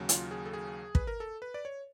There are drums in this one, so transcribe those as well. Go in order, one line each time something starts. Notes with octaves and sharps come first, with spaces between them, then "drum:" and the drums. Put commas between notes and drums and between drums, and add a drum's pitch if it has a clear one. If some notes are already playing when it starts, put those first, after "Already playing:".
Already playing: D#2 C#3 F#3
F4, drum: hi-hat
G#4
A4
G#4
B4, drum: kick
A#4
A4
B4
D5
C#5